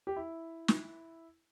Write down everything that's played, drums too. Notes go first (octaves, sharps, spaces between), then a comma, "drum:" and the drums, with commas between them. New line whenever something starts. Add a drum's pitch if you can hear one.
G4
E4
drum: snare